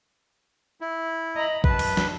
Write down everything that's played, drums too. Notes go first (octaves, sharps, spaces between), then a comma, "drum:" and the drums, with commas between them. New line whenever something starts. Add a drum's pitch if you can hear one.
E4
D#5 A#5 B5
F#2 B4 A5, drum: kick A1
drum: cymbal
drum: snare